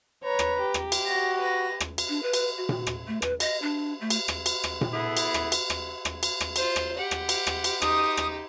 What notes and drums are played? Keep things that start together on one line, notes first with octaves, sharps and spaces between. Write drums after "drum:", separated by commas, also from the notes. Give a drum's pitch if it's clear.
B4 C#5 A#5
drum: rim click
G4
drum: rim click
drum: cymbal
F#4 A#6
B4 A#6
drum: rim click
drum: cymbal
D4
B4
drum: cymbal
F#4
drum: tom A#2
drum: rim click
A3
B4, drum: rim click
D#5, drum: cymbal
D4
A3
drum: cymbal
drum: rim click
drum: cymbal
drum: rim click
drum: tom A#2
B3 E4 G#4 A4
drum: cymbal
drum: rim click
drum: cymbal
drum: rim click
drum: rim click
drum: cymbal
drum: rim click
F4 C5, drum: cymbal
drum: rim click
G4 F#5
drum: rim click
drum: cymbal
drum: rim click
drum: cymbal
D#4 G4 D#6, drum: rim click
drum: rim click